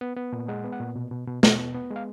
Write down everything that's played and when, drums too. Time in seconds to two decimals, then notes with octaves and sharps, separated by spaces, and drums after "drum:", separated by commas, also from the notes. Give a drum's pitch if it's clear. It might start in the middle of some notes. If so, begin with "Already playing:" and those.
0.01 B3
0.17 B3
0.33 A#2
0.48 G#3 F#5
0.64 B3
0.73 F#5
0.80 A#2
0.96 B2
1.11 B2
1.28 B2
1.43 B2, drum: snare
1.59 B3
1.75 B3
1.90 G#3
1.96 F5